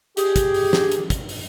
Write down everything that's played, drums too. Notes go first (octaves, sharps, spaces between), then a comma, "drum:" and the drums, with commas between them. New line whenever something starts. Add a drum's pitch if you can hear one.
G4 G#4, drum: hi-hat
drum: kick, hi-hat
drum: open hi-hat
drum: snare
drum: hi-hat
drum: kick, hi-hat
drum: open hi-hat